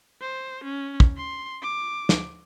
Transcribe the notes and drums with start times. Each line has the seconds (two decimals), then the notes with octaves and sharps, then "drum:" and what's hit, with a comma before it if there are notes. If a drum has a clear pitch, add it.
0.21 C5
0.64 C#4
1.00 drum: kick
1.17 C6
1.62 D6
2.09 drum: snare